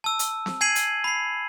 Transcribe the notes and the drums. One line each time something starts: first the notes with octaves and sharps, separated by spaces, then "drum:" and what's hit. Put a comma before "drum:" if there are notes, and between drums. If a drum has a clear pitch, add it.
A5 E6
drum: hi-hat
drum: snare C4
G#5 G#6 C7 D#7 F#7
drum: hi-hat
B5 C7